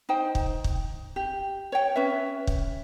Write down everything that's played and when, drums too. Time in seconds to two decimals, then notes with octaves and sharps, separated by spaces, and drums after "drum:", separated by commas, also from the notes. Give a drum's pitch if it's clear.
0.09 D#4 C5 G5
0.35 drum: kick
0.64 drum: kick
1.16 G4
1.72 C#5 G5
1.96 C#4 B4 E5
2.47 drum: kick